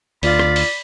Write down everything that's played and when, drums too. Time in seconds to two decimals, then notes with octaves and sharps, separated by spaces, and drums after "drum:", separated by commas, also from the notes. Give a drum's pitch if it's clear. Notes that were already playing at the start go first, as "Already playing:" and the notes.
0.23 D2 F4 D5 B5, drum: open hi-hat
0.39 drum: rim click
0.56 drum: open hi-hat